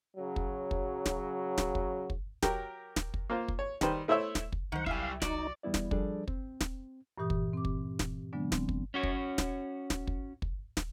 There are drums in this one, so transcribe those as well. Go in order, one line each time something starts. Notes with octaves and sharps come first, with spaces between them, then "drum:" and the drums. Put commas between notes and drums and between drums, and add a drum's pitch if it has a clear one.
C#3 F#3
drum: kick
drum: kick
drum: snare
drum: snare
drum: kick
drum: kick
F#3 G4 A#4, drum: snare
drum: snare
drum: kick
A#3 F4 C5
drum: kick
C#5
D#3 G3 B4 C5, drum: snare
A3 E4 C5 C#5 E5
drum: snare
drum: kick
C2 D#3 F#3 C5 F#5
G3 E4 E5 F5 G#5, drum: kick
D#4 F#4 D5, drum: snare
E2 G3 B3 E4 D5
drum: snare
F3 G3 D4 G#4 A4 D5, drum: kick
C4, drum: kick
drum: snare
G2 A#2 E3 G4 D#6
drum: kick
C4 D6
drum: kick
drum: snare
D3 F#3 G#3 B3 D4
C4, drum: snare
drum: kick
C#4 F#4 C#5
drum: kick
drum: snare
drum: snare
drum: kick
drum: kick
drum: snare